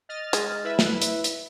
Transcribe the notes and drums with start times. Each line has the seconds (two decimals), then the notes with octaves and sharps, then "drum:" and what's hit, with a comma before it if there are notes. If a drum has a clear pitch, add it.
0.09 D#5 F6 A6
0.33 G#3, drum: hi-hat
0.64 E4 B4 E5
0.79 drum: snare
1.02 drum: hi-hat
1.24 drum: hi-hat